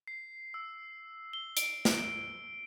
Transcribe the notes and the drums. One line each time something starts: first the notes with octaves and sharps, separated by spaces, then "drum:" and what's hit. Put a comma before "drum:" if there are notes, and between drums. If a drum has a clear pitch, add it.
C7
E6
G7
D7, drum: hi-hat
drum: snare